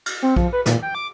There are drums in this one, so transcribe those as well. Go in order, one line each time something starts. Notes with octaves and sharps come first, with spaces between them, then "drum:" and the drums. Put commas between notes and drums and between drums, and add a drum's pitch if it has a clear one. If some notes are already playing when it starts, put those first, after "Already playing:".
drum: cymbal
C4
F3, drum: kick
B4
A#2, drum: snare
G5
D6